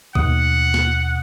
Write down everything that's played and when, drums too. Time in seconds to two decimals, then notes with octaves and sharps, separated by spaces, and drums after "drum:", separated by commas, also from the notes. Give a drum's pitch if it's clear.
0.15 D#2 B2 F#5 D#6, drum: kick
0.74 drum: snare